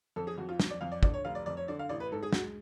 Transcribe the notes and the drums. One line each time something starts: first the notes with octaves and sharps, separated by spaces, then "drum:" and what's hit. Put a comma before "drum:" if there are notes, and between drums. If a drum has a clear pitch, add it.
F2 A4
G#4
F2 F#4
F4
F2, drum: snare
D5
F2 F5
D5
D3 D5, drum: kick
C#5
F1 F5
D5
F2 D5
C#5
D3 D5
F5
A1 D5
B4
G#2 A4
G#4
G#3 F#4, drum: snare